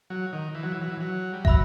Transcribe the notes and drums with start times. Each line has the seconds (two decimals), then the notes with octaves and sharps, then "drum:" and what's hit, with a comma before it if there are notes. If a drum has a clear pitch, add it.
0.10 F#3
0.33 D#3
0.55 E3
0.63 F#3
0.72 E3
0.81 F#3
0.90 E3
1.00 F#3
1.33 G3
1.45 F#3 E5 B5 E6, drum: kick